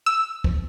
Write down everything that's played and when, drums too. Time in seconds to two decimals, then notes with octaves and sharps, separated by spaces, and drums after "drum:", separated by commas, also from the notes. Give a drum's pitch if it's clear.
0.06 E6
0.44 drum: kick